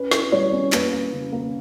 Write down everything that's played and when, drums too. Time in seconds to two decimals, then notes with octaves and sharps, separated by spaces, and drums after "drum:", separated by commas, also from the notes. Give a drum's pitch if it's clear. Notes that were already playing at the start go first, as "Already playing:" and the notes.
Already playing: C#4 B4
0.11 E4, drum: snare
0.32 G3 C#5
0.53 C#4
0.72 A#3 B4, drum: clap
0.92 A#3
1.13 C#3
1.32 A#3